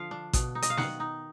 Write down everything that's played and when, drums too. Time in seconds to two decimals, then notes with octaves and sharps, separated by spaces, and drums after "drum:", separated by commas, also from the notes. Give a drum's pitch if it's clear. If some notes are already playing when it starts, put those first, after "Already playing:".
Already playing: D3 F3 F5
0.11 D4
0.33 B2, drum: kick A1, hi-hat
0.55 D#4
0.62 D#5, drum: hi-hat
0.70 F5
0.77 D#3 F#5, drum: snare
1.00 D#4